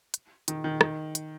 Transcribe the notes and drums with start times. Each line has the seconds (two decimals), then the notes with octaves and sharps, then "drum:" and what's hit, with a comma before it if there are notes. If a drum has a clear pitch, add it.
0.14 drum: hi-hat
0.48 D#3, drum: hi-hat
0.64 D#3
0.81 D#3, drum: rim click
1.15 drum: hi-hat